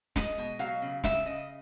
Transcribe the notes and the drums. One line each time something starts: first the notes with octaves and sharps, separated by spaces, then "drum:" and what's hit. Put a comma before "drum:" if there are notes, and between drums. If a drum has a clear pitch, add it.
G#3 D#5, drum: snare
B2
F#3 F5, drum: hi-hat
C#3
C#3 E5, drum: snare
C#3 D#5